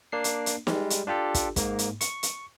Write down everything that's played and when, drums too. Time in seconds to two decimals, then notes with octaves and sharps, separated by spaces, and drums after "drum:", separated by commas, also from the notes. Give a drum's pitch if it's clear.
0.12 A#3 D4 C7
0.24 drum: hi-hat
0.46 drum: hi-hat
0.67 G3 G#3, drum: snare
0.90 drum: hi-hat
1.07 D4 F4 G4 A4
1.34 drum: kick, hi-hat
1.56 G#2 A#3, drum: kick, hi-hat
1.79 drum: hi-hat
2.01 C#6, drum: hi-hat
2.23 drum: hi-hat